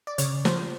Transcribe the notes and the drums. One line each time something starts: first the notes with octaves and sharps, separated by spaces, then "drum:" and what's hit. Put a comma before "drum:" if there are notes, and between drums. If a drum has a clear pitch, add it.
D5
C#3 C#5, drum: hi-hat
F3 C5, drum: snare